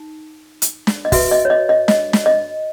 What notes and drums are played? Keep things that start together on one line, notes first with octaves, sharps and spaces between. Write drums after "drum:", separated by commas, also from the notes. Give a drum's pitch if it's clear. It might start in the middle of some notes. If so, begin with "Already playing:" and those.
Already playing: D#4
drum: hi-hat
drum: snare
D#5
F#4 B4 E5, drum: kick, open hi-hat
D#5
C#5
D#5
D#5
D#5, drum: snare
drum: snare
D#5